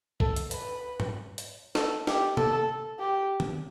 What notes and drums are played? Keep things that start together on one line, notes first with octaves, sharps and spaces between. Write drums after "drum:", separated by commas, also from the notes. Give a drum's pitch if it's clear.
A4, drum: kick
drum: hi-hat
B4, drum: hi-hat
drum: tom G#2
drum: hi-hat
A4, drum: snare
G4, drum: snare
A4, drum: tom
G4
drum: tom D3